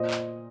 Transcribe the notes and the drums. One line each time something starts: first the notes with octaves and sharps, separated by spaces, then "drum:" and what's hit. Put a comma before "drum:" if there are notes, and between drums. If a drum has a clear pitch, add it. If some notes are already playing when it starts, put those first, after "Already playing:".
Already playing: A#2 C5 D#5
drum: clap